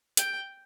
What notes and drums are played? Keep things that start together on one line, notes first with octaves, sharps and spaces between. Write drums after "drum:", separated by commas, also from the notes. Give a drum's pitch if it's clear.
G5, drum: hi-hat